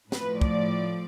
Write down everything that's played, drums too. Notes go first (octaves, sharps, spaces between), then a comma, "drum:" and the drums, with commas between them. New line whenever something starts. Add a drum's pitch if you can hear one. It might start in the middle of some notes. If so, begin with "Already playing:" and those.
A2 F3 B4, drum: snare
D5, drum: kick